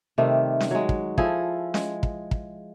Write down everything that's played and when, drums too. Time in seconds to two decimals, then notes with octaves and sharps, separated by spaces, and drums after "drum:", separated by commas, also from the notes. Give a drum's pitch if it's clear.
0.18 C3 D#3 G3 A3
0.60 drum: snare C#4
0.71 F#3 G#3
0.89 drum: kick
1.18 F3 E4 G#4 A4, drum: kick
1.74 G#3, drum: snare C#4
2.03 drum: kick
2.31 drum: kick